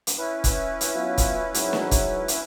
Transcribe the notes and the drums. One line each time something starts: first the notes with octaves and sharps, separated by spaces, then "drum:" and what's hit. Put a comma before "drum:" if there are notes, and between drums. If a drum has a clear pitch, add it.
drum: hi-hat
C#4 E4 B4
drum: kick, hi-hat
drum: hi-hat
F#3 B3 F4
drum: kick, hi-hat
G#2 F#3, drum: hi-hat
drum: snare
drum: kick, hi-hat
drum: hi-hat